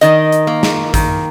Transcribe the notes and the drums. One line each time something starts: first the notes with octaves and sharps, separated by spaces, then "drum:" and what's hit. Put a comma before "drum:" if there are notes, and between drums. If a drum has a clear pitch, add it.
D#3 D#5, drum: hi-hat
drum: hi-hat
A#3
drum: snare
D#3, drum: kick A1, hi-hat